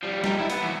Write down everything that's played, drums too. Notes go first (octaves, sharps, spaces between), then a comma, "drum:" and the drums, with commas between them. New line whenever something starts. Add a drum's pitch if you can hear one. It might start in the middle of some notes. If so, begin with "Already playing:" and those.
F3 G3
G3 D#4, drum: snare
E4 E5
B3, drum: open hi-hat
E3 F#3